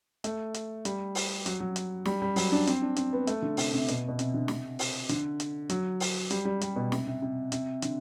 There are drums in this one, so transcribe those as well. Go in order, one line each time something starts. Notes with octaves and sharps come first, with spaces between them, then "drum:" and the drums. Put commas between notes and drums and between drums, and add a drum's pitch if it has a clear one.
A3, drum: hi-hat
drum: hi-hat
G3, drum: hi-hat
drum: open hi-hat
F#3, drum: hi-hat
F#3
drum: hi-hat
G3, drum: snare
G3
F#3, drum: open hi-hat
D4
C4, drum: hi-hat
D4
C4, drum: hi-hat
B3
A3, drum: hi-hat
D3
C3, drum: open hi-hat
C3
B2, drum: hi-hat
B2
C3, drum: hi-hat
D3
C3, drum: snare
drum: open hi-hat
D3, drum: hi-hat
drum: hi-hat
F#3, drum: hi-hat
drum: open hi-hat
G3, drum: hi-hat
G3
G3, drum: hi-hat
B2
C3, drum: snare
C3
C3
C3, drum: hi-hat
D3, drum: hi-hat